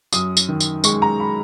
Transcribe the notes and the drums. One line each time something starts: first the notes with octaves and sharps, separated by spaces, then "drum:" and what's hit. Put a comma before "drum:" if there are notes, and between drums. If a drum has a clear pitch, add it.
F#2 D#6, drum: tambourine
drum: tambourine
D#3
drum: tambourine
G#3 C#6, drum: tambourine
A#5
B5